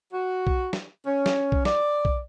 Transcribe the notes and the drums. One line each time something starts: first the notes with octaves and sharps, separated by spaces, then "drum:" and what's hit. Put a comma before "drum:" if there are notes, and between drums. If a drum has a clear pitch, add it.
F#4
drum: kick B1
drum: snare
C#4
drum: snare
drum: kick B1
D5, drum: snare
drum: kick B1